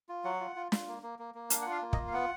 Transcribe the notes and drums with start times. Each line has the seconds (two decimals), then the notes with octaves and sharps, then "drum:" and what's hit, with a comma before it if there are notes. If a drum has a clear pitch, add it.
0.09 F4
0.24 F#3 F#5
0.40 F4
0.56 F4
0.72 F4, drum: snare
0.87 A#3
1.03 A#3
1.19 A#3
1.34 A#3
1.50 D4 F5, drum: hi-hat
1.62 F4 F#5
1.71 F5
1.82 A#3
1.93 D#5, drum: kick
1.98 F4
2.07 F5
2.13 B3 F#5